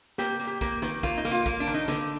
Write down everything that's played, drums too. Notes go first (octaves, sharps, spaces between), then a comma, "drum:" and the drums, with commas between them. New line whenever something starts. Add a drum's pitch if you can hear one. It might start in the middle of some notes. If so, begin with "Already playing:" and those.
A#3 G4, drum: snare
A#3, drum: hi-hat
G4
A#3, drum: kick, hi-hat
D#3, drum: snare
A#3 F4, drum: kick, hi-hat
D#4
A#3, drum: snare
F4
A#3, drum: kick, hi-hat
D4
D#3, drum: hi-hat
D#4
D3, drum: snare